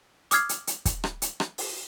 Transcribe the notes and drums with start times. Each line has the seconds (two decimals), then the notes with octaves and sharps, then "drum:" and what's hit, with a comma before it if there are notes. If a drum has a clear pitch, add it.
0.31 D6 D#6 F6 G#6 C7, drum: hi-hat
0.49 drum: hi-hat
0.67 drum: hi-hat
0.85 drum: kick, hi-hat
1.04 drum: rim click
1.22 drum: hi-hat
1.40 drum: rim click
1.58 drum: open hi-hat